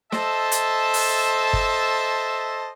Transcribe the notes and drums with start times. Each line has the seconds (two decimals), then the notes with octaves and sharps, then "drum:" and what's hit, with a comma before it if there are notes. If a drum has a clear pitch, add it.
0.12 A4 C5 D#5 E5 A5, drum: snare
0.52 drum: hi-hat
0.94 drum: open hi-hat
1.53 drum: kick G1